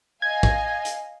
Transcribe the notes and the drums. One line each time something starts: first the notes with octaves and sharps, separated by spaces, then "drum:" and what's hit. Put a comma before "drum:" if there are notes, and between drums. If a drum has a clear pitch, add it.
D#5 F5 G#5 G#6
drum: kick
drum: hi-hat